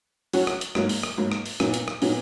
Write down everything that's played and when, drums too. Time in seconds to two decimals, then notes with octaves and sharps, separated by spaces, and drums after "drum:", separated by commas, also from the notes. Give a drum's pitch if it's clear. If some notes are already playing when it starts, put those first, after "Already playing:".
0.33 F#3 C#4 F#4, drum: open hi-hat
0.47 drum: rim click
0.61 drum: hi-hat
0.75 G#2 F#3 A#3, drum: rim click
0.89 drum: open hi-hat
1.03 drum: rim click
1.17 G#2 F#3 A#3
1.32 drum: rim click
1.46 drum: open hi-hat
1.60 A#2 F#3 B3 D#4, drum: rim click
1.74 drum: hi-hat
1.88 drum: rim click
2.02 A#2 F#3 B3 D#4, drum: open hi-hat